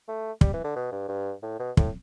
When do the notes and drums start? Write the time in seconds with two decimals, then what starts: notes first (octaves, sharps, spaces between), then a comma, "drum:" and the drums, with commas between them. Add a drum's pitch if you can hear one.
0.08 A3
0.41 G3, drum: kick
0.54 E3
0.64 D3
0.76 B2
0.92 G2
1.09 G2
1.43 A2
1.59 B2
1.77 A2, drum: kick